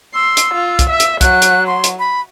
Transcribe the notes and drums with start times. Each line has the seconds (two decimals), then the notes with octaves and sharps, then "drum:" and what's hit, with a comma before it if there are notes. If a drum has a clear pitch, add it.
0.15 C6 E6
0.37 drum: hi-hat
0.54 F4
0.79 drum: kick, hi-hat
0.90 E5
1.00 drum: hi-hat
1.21 F#3 F#6, drum: kick, hi-hat
1.42 drum: hi-hat
1.67 C6
1.84 drum: hi-hat
1.99 B5